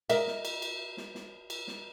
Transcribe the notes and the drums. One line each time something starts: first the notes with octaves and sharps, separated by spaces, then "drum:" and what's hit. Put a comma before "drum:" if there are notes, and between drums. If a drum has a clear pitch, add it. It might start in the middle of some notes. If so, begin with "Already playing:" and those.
A#4 D#5 E5, drum: cymbal
drum: snare
drum: cymbal
drum: cymbal
drum: snare
drum: snare
drum: cymbal
drum: snare